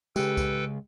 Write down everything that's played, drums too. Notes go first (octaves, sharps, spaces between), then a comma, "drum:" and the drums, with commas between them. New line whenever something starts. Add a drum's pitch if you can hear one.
C#3 G#3 G4 A4 B4 G5, drum: tambourine
drum: kick C2, tambourine